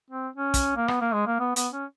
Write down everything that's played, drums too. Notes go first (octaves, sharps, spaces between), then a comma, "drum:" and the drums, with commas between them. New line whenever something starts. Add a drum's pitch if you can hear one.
C4
C#4
drum: kick, hi-hat
A#3
B3, drum: rim click
A#3
G#3
A#3
B3
B3, drum: hi-hat
C#4